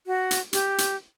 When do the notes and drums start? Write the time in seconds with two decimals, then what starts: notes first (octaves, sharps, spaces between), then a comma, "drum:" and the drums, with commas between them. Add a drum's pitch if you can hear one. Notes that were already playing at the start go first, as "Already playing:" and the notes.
0.07 F#4
0.31 drum: hi-hat
0.53 G4, drum: hi-hat
0.78 drum: hi-hat